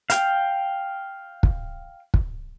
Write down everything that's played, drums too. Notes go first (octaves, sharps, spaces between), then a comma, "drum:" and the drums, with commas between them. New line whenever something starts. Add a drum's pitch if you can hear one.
F5 G5, drum: hi-hat
drum: kick
drum: kick